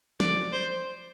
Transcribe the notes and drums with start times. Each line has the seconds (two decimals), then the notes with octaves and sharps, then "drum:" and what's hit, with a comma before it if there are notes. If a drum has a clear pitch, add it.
0.20 D5, drum: snare
0.53 C5